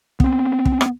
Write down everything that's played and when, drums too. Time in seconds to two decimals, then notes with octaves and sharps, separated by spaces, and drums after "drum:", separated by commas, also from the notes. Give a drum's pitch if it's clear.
0.20 B3 C4, drum: kick
0.65 drum: kick
0.81 drum: rim click